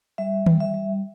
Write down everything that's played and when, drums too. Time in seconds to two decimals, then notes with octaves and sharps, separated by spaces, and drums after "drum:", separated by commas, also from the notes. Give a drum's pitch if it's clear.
0.18 G3 E5
0.46 G3, drum: tom D#3
0.60 E5
0.74 G3